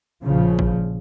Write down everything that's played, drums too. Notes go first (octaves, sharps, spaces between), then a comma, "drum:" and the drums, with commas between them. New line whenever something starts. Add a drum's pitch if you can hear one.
A#1 A#2 C#3 F3
drum: kick